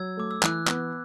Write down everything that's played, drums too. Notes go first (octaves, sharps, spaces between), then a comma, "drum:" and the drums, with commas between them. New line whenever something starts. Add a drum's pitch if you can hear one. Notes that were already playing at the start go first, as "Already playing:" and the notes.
Already playing: F#3 E6 G#6
A3 D6
E6
E3 F#6, drum: clap
B3, drum: clap